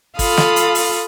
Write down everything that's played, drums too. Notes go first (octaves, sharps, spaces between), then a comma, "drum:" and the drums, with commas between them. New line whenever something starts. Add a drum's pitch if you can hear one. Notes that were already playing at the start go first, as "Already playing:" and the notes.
F4 A4 F5 B5 D#6, drum: kick, open hi-hat
drum: snare
drum: hi-hat
drum: open hi-hat